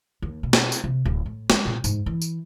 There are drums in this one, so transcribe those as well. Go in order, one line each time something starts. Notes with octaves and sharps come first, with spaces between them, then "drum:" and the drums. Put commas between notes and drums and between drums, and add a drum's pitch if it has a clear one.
D#2
B2
drum: snare
drum: tambourine
C3
D1
A2
G#3, drum: snare
A#2
G#2, drum: tambourine
E3
drum: tambourine